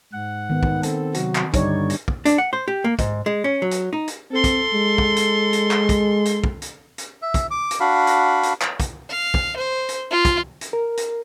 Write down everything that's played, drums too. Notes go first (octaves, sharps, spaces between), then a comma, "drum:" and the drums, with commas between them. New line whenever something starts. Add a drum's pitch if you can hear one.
G#2 F#5
D#3 B3
drum: kick
C4 A4, drum: hi-hat
C3 F#3 F#4, drum: hi-hat
drum: clap
G2 D3 G3 D#4 C#5 D5, drum: kick, hi-hat
drum: hi-hat
drum: kick
D4, drum: hi-hat
F#5
C5
G4
A#3
G#2, drum: kick, hi-hat
G#3
C#4
F#3
drum: hi-hat
D#4
drum: hi-hat
C4 A4 C6
drum: kick, hi-hat
G#3
drum: kick
drum: hi-hat
drum: hi-hat
drum: clap
drum: kick, hi-hat
drum: hi-hat
drum: kick
drum: hi-hat
drum: hi-hat
E5
drum: kick, hi-hat
D6
drum: hi-hat
D4 F#4 F5 B5
drum: hi-hat
drum: hi-hat
drum: clap
drum: kick, hi-hat
F5
drum: kick
C5
drum: hi-hat
F4
drum: kick, hi-hat
drum: hi-hat
A#4
drum: hi-hat